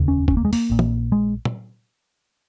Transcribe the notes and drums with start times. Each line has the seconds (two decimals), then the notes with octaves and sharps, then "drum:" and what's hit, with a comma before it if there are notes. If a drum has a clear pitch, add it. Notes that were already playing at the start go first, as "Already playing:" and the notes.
Already playing: F1 D#2 C#3
0.08 C#4
0.28 C#4, drum: kick
0.37 A#3
0.45 G#3
0.53 A#3, drum: open hi-hat
0.70 A#1 A#2
0.79 drum: tom
1.12 G#3
1.45 drum: tom